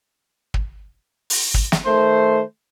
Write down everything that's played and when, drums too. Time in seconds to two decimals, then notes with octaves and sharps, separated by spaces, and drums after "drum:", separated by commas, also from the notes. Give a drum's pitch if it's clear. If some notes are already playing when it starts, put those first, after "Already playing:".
0.54 drum: kick
1.30 drum: open hi-hat
1.54 drum: kick
1.72 drum: snare
1.86 D#3 A3 C5